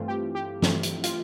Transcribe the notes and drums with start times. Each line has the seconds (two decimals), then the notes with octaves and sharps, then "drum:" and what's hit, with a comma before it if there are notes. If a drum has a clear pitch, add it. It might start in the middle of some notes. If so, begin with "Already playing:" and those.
Already playing: G2 E3 A3 C4 F4
0.08 G4
0.35 G4
0.62 G2 E3 A3 C4, drum: snare
0.83 drum: hi-hat
1.04 F4, drum: hi-hat